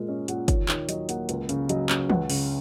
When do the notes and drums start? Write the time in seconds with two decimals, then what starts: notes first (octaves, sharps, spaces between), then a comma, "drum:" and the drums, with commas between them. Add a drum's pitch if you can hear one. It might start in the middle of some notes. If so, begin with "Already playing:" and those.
Already playing: A#2 G#3 A#4
0.08 C#4 D#5
0.28 A#2 F#5, drum: hi-hat
0.48 D#2 C#5, drum: kick, hi-hat
0.69 D#3 C#5, drum: clap
0.89 F#3 D#5, drum: hi-hat
1.09 A#3 F#5, drum: hi-hat
1.29 C#2, drum: hi-hat
1.49 C#3, drum: hi-hat
1.69 F#3 D#5, drum: hi-hat
1.89 C#4, drum: clap
2.10 C#2 F#5, drum: tom
2.30 C#3, drum: open hi-hat